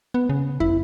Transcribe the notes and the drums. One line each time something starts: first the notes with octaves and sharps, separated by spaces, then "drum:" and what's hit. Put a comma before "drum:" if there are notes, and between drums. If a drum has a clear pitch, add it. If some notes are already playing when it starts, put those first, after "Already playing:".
B3
C#3
E4, drum: kick F2